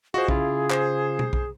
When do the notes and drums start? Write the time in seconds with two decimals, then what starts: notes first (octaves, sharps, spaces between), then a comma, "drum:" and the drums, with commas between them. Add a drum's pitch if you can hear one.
0.14 F4 F#4 G#4 C5 D#5
0.28 C#3 E4 F4, drum: kick B1
0.70 C5, drum: clap
1.19 drum: tom B2
1.33 drum: kick B1